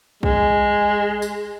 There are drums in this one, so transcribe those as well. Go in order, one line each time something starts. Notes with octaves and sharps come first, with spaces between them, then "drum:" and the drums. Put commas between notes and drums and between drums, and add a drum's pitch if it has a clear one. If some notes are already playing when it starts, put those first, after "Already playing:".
G#3, drum: kick A#1
drum: tambourine